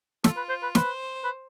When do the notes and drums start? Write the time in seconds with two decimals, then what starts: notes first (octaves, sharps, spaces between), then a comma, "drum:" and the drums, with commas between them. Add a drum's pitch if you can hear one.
0.24 F4 A4, drum: snare
0.37 B4
0.49 C5
0.63 B4
0.75 B4 C5, drum: snare
1.24 B4